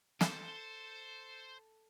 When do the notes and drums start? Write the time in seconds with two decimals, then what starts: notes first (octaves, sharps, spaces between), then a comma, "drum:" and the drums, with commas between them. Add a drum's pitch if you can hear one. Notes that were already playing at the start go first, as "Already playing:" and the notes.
0.21 A4 C5, drum: snare